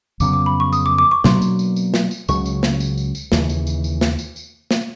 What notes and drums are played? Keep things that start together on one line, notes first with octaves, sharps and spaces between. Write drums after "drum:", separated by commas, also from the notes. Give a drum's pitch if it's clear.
F2 C#3 F#3 B3 D6, drum: tambourine
D6
B5
C#6
D#6, drum: tambourine
D6
D6
C#6
B2 F#3 A#3 D4 C6, drum: snare
drum: tambourine
drum: tambourine
drum: tambourine
drum: snare
drum: tambourine
C#2 C#3 F#3 C#6, drum: tambourine
drum: tambourine
drum: snare
drum: tambourine
drum: tambourine
drum: tambourine
D#2 C#3 E3, drum: snare
drum: tambourine
drum: tambourine
drum: tambourine
drum: snare
drum: tambourine
drum: tambourine
drum: snare